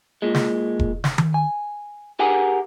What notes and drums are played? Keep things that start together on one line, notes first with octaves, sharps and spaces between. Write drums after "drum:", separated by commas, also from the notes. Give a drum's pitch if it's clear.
A#2 G#3
drum: snare
drum: kick E1
drum: snare
drum: tom D#3
G#5
G4 G#4 A#4 F#5 G#5